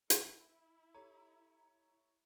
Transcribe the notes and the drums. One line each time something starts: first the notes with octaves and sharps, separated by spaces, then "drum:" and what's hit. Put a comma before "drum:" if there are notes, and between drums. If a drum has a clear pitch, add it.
E4, drum: hi-hat
G4 A4 C#5 A#5